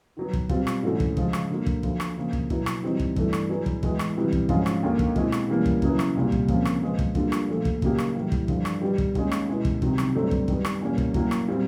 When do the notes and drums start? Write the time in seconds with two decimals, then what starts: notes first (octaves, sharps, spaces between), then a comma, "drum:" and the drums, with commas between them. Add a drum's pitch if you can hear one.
0.17 D#3 F#3 B3
0.33 drum: kick
0.49 B2 G3 C4 F4, drum: kick
0.67 drum: rim click
0.83 G#2 E3 A3 C#4 F#4
1.00 drum: kick
1.17 C#3 F3 G#3, drum: kick
1.33 drum: rim click
1.50 D3 F#3 A#3
1.66 drum: kick
1.83 D2 D3 F3, drum: kick
2.00 drum: rim click
2.16 C#3 F3 A#3
2.33 drum: kick
2.50 B2 F#3 B3 E4, drum: kick
2.66 drum: rim click
2.83 E3 G3 C4 D#4
2.99 drum: kick
3.16 G2 E3 A3, drum: kick
3.33 drum: rim click
3.49 F#3 B3 E4 G#4 B4
3.66 drum: kick
3.83 A2 E3 G#3 B3, drum: kick
3.99 drum: rim click
4.16 C3 E3 G3 B3
4.33 drum: kick
4.49 G#2 F3 G#3 C#4 F4, drum: kick
4.66 drum: rim click
4.83 D#2 D3 F#3 A#3
4.99 drum: kick
5.16 B2 G#3 C4 E4, drum: kick
5.32 drum: rim click
5.48 E3 G3 A#3 C#4
5.66 drum: kick
5.82 F#2 C#3 F#3 B3 E4, drum: kick
5.99 drum: rim click
6.15 C2 A#2 G3
6.32 drum: kick
6.48 C#2 C3 F3 A#3 C#4, drum: kick
6.65 drum: rim click
6.82 F3 G#3 B3
6.99 drum: kick
7.15 D3 G3 A#3 D4 F4, drum: kick
7.32 drum: rim click
7.48 A#2 F3 A3
7.65 drum: kick
7.82 C#3 F#3 A#3 D#4 G4, drum: kick
7.98 drum: rim click
8.15 A2 E3 G3
8.32 drum: kick
8.48 G2 D3 F3, drum: kick
8.65 drum: rim click
8.81 D#3 G3 B3 D#4 G4
8.98 drum: kick
9.15 D#2 D#3 G#3 C#4, drum: kick
9.31 drum: rim click
9.48 B2 G#3 B3 E4
9.65 drum: kick
9.82 C2 C3 D#3 F#3, drum: kick
9.98 drum: rim click
10.15 G2 D3 F#3 A3 C4
10.31 drum: kick
10.48 D#3 G3 B3, drum: kick
10.65 drum: rim click
10.81 E2 B2 G3 A#3 C#4
10.98 drum: kick
11.14 A2 F#3 A#3, drum: kick
11.31 drum: rim click
11.48 A#2 G3 C4